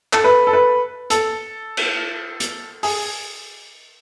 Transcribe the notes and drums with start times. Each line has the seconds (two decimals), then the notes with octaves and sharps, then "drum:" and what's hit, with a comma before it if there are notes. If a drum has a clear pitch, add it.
0.13 A4, drum: clap
0.24 B4
0.47 A4
0.53 B4
1.10 A4, drum: hi-hat
1.77 drum: cymbal
2.40 drum: hi-hat
2.83 G#4, drum: open hi-hat